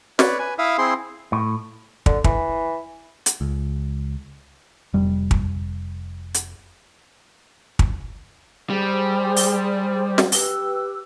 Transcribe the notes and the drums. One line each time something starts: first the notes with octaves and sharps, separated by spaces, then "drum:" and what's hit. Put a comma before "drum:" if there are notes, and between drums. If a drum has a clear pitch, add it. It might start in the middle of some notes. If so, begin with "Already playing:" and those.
B4 C#5 D5, drum: snare
B4 G#5
E4 E5 F5 D#6
C4 E4 G#4 C6
A2
D3, drum: kick
E3, drum: kick
drum: hi-hat
C#2
F1 G3
drum: kick
drum: hi-hat
drum: kick
G3 G#4 C5 D5
drum: open hi-hat
drum: snare
G4 B4 E6, drum: open hi-hat